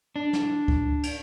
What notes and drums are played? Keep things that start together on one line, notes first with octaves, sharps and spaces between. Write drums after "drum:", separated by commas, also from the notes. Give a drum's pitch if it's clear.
D4
drum: snare
drum: kick C#2
drum: cymbal